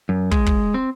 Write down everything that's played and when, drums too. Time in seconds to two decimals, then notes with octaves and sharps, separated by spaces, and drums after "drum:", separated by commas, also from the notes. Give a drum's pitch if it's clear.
0.09 F#2
0.31 G#3, drum: kick
0.46 drum: kick
0.74 C4